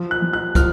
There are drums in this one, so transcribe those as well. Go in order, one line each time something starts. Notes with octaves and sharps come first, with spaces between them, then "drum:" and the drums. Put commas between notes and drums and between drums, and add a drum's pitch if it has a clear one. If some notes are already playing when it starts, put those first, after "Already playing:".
Already playing: F3
F#6
F3
F#6
F3 F6, drum: kick, hi-hat